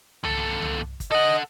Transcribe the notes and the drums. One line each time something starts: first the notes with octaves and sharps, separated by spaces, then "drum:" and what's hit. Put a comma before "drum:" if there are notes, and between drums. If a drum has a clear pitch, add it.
D#2 A4, drum: tom C2
drum: tom C2
drum: kick, hi-hat
A4 D#5 F#5